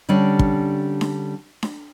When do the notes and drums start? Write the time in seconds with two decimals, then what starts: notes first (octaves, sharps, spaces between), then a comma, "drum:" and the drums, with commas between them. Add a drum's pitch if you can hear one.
0.09 D3 G3 C#4 D4
0.39 drum: kick
1.01 drum: snare D4
1.63 drum: snare D4